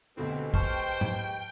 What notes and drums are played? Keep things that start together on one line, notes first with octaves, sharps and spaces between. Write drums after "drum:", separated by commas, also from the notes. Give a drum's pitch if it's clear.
D2 B2 D3 G#3 C4 G4 B4
C5 G5 A5 C#6 F6, drum: kick
drum: tom G#2